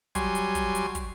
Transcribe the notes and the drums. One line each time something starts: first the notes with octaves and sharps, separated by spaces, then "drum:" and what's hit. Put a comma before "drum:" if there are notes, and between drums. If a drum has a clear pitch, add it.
F#3 G3 G#5 C6, drum: kick, hi-hat
drum: hi-hat
drum: kick, hi-hat
drum: hi-hat
drum: kick, hi-hat